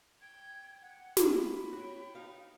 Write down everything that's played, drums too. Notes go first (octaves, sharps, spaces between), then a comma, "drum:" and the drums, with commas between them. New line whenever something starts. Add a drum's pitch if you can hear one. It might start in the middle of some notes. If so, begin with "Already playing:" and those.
G5 G#6
F#5
drum: snare
A#3 B5
F#4 C#5 G5
D#4 F5